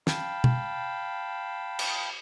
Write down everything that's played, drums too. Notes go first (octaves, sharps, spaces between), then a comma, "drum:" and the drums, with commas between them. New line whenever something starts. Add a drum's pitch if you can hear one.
F5 G5 A5 B5, drum: snare
drum: tom B2
drum: cymbal